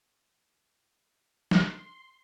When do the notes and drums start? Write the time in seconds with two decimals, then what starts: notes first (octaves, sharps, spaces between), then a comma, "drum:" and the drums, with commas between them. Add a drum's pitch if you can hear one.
1.51 C6, drum: snare